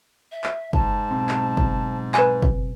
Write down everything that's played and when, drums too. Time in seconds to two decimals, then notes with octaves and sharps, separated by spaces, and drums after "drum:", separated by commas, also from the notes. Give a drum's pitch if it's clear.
0.32 E5
0.44 drum: clap
0.73 G#2 A5, drum: kick
1.11 B1 C4
1.29 drum: clap
1.57 drum: kick
2.14 B4 G#5, drum: clap
2.42 drum: kick